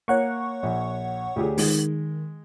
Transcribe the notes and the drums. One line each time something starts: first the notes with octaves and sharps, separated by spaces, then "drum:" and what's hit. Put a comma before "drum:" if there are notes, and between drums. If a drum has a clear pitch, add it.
A#3 C#5 F#5 C#6
A#1
D2 G4 G#4
D#3 G#3, drum: open hi-hat